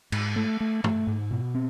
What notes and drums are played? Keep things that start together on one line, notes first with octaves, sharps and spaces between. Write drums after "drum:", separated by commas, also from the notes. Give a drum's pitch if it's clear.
G#2, drum: cymbal
A3
A3
A3, drum: tom
G#2
B2
C4